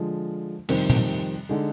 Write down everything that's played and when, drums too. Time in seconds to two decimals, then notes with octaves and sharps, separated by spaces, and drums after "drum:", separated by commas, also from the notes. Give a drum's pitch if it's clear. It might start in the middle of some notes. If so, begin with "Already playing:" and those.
Already playing: D3 F3 G#3
0.69 F2 C3 D#3 G3 C4, drum: cymbal
0.90 drum: tom A#2
1.49 D3 G#3 D#4